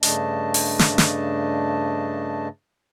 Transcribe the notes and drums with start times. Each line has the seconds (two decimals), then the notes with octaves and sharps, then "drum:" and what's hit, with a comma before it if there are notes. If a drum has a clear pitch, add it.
0.03 G2 C#3 A3 D4 D#5 A5, drum: hi-hat
0.54 drum: open hi-hat
0.79 drum: snare
0.98 drum: snare